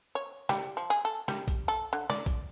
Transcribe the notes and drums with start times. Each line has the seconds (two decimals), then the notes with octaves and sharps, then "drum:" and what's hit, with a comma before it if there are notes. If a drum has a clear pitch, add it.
0.15 C#5
0.49 G3, drum: snare
0.77 F3
0.90 G#4, drum: hi-hat
1.05 A4
1.28 G3, drum: snare
1.48 drum: kick, hi-hat
1.68 A4, drum: hi-hat
1.93 D3
2.10 D5, drum: snare
2.26 drum: kick, hi-hat